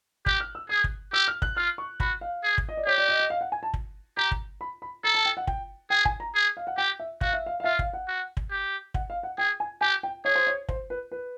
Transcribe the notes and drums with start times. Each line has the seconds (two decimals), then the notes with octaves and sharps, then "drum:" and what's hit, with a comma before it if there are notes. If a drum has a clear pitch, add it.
0.26 G4 F#6, drum: kick
0.40 F6
0.55 E6
0.69 G#4 D#6
0.84 drum: kick
1.13 G4 E6
1.28 F6
1.42 F#6, drum: kick
1.57 F4 F6
1.78 C#6
2.00 F#4 B5, drum: kick
2.21 F5
2.44 G#4
2.58 drum: kick
2.69 D#5
2.77 D5
2.86 G4 C#5
2.98 D5
3.08 D#5
3.20 D#5
3.30 F5
3.41 F#5
3.52 G#5
3.63 A5
3.74 drum: kick
4.17 G4 A#5
4.31 drum: kick
4.61 B5
4.82 B5
5.04 A4 A#5
5.15 A5
5.25 G5
5.37 F#5
5.47 G5, drum: kick
5.90 G#4 G5
6.05 G#5, drum: kick
6.20 A#5
6.35 G#4
6.57 F5
6.67 F#5
6.77 G4 G5
7.00 E5
7.21 F#4 F5, drum: kick
7.33 E5
7.46 F5
7.60 F5
7.64 F4 E5
7.79 F5, drum: kick
7.93 F#5
8.08 F#4
8.37 drum: kick
8.51 G4
8.94 F#5, drum: kick
9.10 F5
9.23 F#5
9.38 G#4 G5
9.60 G#5
9.81 G4 G#5
10.03 G5
10.25 G#4 C#5
10.35 C5
10.47 C#5
10.69 C5, drum: kick
10.90 B4
11.12 B4